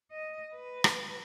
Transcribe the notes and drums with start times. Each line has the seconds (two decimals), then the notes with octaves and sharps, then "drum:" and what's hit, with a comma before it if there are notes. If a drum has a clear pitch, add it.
0.11 D#5
0.54 B4
0.84 drum: rim click